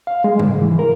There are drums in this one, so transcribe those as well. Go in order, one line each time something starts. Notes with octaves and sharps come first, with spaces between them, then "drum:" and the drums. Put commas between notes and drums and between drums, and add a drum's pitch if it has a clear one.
F5
G#3
G#2, drum: tom C3
E3
A#4